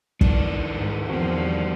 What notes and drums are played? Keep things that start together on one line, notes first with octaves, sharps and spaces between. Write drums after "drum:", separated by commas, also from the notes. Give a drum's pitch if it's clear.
D#3 E3 D4, drum: kick
G#2
E2 F3 C4 F#4
G3